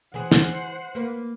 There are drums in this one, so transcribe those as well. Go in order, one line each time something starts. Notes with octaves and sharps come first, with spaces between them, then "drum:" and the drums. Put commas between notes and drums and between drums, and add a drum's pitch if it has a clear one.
E3 G#4 C5 F#5
drum: snare
A#3 B4